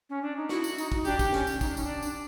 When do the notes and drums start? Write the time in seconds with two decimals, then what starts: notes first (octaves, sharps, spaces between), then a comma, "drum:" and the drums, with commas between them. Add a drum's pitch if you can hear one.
0.10 C#4
0.22 D4
0.37 D#4
0.49 E4 F#4, drum: snare
0.64 drum: tambourine
0.78 D#4, drum: tambourine
0.92 drum: kick
1.05 D4 G4, drum: tambourine
1.19 drum: kick, tambourine
1.33 C#4, drum: snare
1.47 drum: tambourine
1.61 D#4, drum: kick, tambourine
1.69 D4
1.77 C#4, drum: tambourine
1.84 D4
2.03 drum: tambourine